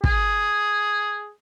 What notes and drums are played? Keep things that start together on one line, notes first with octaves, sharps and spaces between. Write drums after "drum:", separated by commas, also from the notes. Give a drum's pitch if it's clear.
G#4, drum: kick